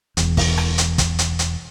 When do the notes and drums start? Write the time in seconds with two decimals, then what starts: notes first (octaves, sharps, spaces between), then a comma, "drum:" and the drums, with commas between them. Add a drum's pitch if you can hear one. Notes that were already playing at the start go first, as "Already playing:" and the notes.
0.17 E1 E2, drum: hi-hat
0.37 drum: kick, open hi-hat
0.58 drum: rim click
0.78 drum: hi-hat
0.98 drum: kick, hi-hat
1.19 drum: hi-hat
1.39 drum: hi-hat